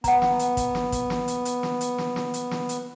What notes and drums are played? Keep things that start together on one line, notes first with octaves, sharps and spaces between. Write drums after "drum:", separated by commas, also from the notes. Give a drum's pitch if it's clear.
B3 F#5 A#5, drum: kick, hi-hat
drum: snare
drum: hi-hat
drum: kick, hi-hat
drum: snare
drum: kick, hi-hat
drum: snare
drum: hi-hat
drum: hi-hat
drum: snare
drum: hi-hat
drum: snare
drum: snare
drum: hi-hat
drum: snare
drum: hi-hat